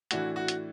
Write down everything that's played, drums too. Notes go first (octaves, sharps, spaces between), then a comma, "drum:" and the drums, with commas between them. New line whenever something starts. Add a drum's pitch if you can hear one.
A2 E3 D4 F#4, drum: hi-hat
F#4
drum: hi-hat